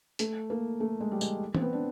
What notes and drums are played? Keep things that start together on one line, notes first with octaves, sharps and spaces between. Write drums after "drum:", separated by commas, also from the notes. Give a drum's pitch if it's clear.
A3, drum: hi-hat
A#3
A3
G#3
G3
G#3, drum: tambourine
C4, drum: tom E3
B3
D4